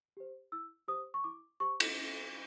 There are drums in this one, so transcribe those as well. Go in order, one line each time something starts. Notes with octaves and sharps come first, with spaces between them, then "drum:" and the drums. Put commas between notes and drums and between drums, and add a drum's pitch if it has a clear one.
G4 C5
E4 E6
G4 C5 D#6
C#6
E4 D6
G4 C5 C#6
drum: cymbal